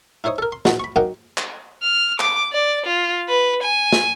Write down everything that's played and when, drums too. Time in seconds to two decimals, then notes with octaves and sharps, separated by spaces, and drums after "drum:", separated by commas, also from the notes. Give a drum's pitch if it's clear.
0.24 D#4 E4 C5 C#5 D#6
0.38 A4 A#4
0.52 C6
0.65 A#1 D#4 F#4 F#5 A#5, drum: snare
0.80 B5 C#6
0.96 F#2 A#3 D#4 D#5 F#5 G5
1.38 drum: clap
1.83 F6
2.20 D6, drum: clap
2.53 D5
2.86 F4
3.29 B4
3.63 G#5
3.93 drum: snare